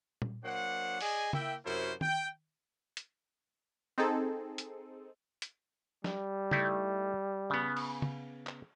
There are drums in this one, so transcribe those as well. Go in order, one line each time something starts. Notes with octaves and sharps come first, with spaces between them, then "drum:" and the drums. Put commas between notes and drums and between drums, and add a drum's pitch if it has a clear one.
drum: tom A#2
F#3 A#3 D4 C5 F#5
G#4 D5 D#5 G#5, drum: open hi-hat
A#3 E4 E5 G5, drum: tom
F#2 C3 E4 F#4 A#4 C5
G5, drum: tom D#3
drum: hi-hat
C4 D#4 G#4 A4
drum: hi-hat
drum: hi-hat
G3, drum: snare
A3 D#4 E4, drum: tom
C#3 B3
drum: cymbal
drum: tom
drum: clap